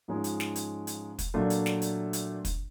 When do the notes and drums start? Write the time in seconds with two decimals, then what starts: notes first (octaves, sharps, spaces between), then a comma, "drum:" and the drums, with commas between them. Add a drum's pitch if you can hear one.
0.08 G#2 F3 G#3 C#4
0.24 drum: hi-hat
0.40 drum: snare
0.56 drum: hi-hat
0.87 drum: hi-hat
1.19 drum: kick, hi-hat
1.34 A#2 F#3 A3 D4 F4
1.50 drum: hi-hat
1.66 drum: snare
1.82 drum: hi-hat
2.13 drum: hi-hat
2.45 drum: kick, hi-hat